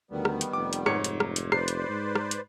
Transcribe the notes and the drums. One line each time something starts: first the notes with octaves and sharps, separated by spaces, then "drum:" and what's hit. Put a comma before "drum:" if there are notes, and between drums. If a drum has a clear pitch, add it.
D2 D#3 G3 B3
drum: rim click
drum: hi-hat
F1 D6
drum: hi-hat
G#2 C#5 C#7, drum: rim click
drum: hi-hat
drum: rim click
drum: hi-hat
B4 C5 D5 C7, drum: rim click
drum: hi-hat
G#2
drum: rim click
drum: hi-hat